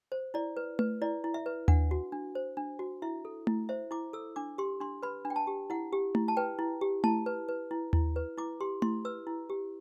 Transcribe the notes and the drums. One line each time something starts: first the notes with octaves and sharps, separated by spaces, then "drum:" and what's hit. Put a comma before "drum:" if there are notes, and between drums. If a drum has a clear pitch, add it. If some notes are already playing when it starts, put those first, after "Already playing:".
C5
E4 D5
B4
B4, drum: tom A3
E4 D5
E4
E5
B4
D4 F#5, drum: tom D#2
F#4
D4
C5
D4
F#4
E4 E5
A4
E4, drum: tom A3
C5 E5
E4 D6
A4 E6
D4 D6
G4 C6
D4 C6
B4 B5
D4
G5
A5
G4
E4 F#5
G4
E4, drum: tom A3
A5
B4 G5
E4
G4
E4 A5, drum: tom A3
B4
B4
E4
E4, drum: tom D#2
B4
E4 D6
G4 C6
E4 C6, drum: tom A3
B4 E6
E4
G4